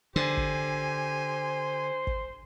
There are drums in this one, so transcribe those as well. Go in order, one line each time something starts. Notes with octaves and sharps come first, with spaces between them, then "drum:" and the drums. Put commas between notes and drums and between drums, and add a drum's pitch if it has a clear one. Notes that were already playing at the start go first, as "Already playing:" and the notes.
D3 G4 C5 G#5
drum: kick
drum: kick